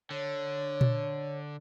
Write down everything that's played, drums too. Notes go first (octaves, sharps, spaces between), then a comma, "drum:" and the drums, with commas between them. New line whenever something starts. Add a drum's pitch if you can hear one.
D3 C#5
drum: tom A#2